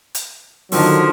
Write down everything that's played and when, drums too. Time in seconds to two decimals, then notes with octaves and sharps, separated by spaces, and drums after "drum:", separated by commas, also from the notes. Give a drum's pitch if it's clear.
0.15 drum: hi-hat
0.72 D3 D#3 F3 F#3, drum: open hi-hat